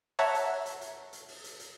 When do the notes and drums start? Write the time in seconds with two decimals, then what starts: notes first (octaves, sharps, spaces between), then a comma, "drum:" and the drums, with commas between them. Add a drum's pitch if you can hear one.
0.19 C#5 E5 F#5 A5 A#5, drum: open hi-hat
0.34 drum: hi-hat
0.66 drum: hi-hat
0.81 drum: hi-hat
1.13 drum: hi-hat
1.28 drum: open hi-hat
1.44 drum: hi-hat
1.60 drum: hi-hat